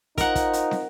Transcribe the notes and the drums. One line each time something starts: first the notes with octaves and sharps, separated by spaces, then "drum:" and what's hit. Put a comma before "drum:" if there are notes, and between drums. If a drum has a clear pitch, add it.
D#4 F4 A#4 C5 F#5, drum: kick, hi-hat
drum: kick, hi-hat
drum: hi-hat
drum: snare